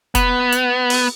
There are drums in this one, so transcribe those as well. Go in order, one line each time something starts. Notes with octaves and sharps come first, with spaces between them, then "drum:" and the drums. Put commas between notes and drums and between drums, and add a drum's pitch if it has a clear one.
B3, drum: kick, hi-hat
drum: hi-hat
drum: open hi-hat